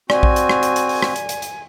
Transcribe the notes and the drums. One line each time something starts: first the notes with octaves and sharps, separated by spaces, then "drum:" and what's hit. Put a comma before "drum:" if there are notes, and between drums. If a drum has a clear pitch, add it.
C4 F#4 D5 G#5, drum: rim click
drum: kick A#1
drum: hi-hat
drum: rim click
drum: hi-hat
drum: hi-hat
drum: open hi-hat
drum: rim click
drum: hi-hat
drum: hi-hat
drum: hi-hat